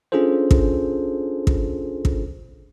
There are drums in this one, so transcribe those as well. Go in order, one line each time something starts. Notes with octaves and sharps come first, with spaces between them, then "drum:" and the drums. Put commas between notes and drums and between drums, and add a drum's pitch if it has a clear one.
C#4 D4 F4 G#4 A4 C5
drum: kick
drum: kick
drum: kick